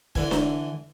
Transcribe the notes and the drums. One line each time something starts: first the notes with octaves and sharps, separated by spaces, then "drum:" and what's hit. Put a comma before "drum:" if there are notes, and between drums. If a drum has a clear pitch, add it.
D3 E3 G#5, drum: kick
drum: snare D4